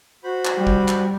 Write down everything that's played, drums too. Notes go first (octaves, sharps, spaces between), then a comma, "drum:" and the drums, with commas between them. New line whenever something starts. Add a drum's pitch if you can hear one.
F#4 C5 B5
drum: clap
G3
drum: kick G#1
drum: clap